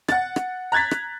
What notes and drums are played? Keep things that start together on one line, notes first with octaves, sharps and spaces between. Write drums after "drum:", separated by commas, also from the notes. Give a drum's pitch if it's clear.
F#5 A6, drum: rim click
drum: rim click
A#5 F#6 G#6 A6 B6
drum: rim click